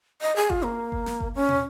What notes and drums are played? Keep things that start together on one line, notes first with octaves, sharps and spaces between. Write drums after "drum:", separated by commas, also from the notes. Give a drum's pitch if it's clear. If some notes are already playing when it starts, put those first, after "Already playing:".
D#5
G#4
F4, drum: kick G1
A#3
drum: kick G1
drum: snare
drum: kick G1
C#4
drum: tom